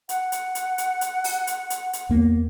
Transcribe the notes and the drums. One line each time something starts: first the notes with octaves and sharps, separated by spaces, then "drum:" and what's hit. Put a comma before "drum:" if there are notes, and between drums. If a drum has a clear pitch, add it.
F#5, drum: hi-hat
drum: hi-hat
drum: hi-hat
drum: hi-hat
drum: hi-hat
drum: open hi-hat
drum: hi-hat
drum: hi-hat
drum: hi-hat
E2 A#3 B3